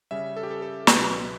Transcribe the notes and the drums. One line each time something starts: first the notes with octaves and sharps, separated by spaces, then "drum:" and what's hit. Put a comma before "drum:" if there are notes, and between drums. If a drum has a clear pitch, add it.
C#3 G3 C#4 E5
A4
G4
A4
A4
C#2 B2 F#3 B4, drum: snare